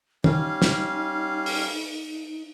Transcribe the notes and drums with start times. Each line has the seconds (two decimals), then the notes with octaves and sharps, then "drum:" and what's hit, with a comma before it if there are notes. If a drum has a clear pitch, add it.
0.24 G3 C#4 D#4 F5, drum: tom
0.62 drum: snare
1.46 drum: open hi-hat